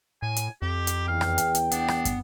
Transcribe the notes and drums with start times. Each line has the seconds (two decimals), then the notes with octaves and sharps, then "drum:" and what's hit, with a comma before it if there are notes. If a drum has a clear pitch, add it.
0.22 A2 G#5
0.36 drum: hi-hat
0.62 F2 G4
0.87 drum: hi-hat
1.08 E2 F5 G5
1.21 drum: rim click
1.38 drum: hi-hat
1.55 drum: hi-hat
1.71 B3 D4, drum: hi-hat
1.88 drum: rim click
2.05 drum: kick, hi-hat